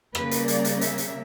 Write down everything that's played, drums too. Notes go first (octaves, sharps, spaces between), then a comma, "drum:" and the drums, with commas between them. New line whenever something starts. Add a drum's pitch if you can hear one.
C#3 G3 A#3 B4, drum: rim click
drum: hi-hat
D5, drum: hi-hat
drum: hi-hat
E5, drum: hi-hat
drum: hi-hat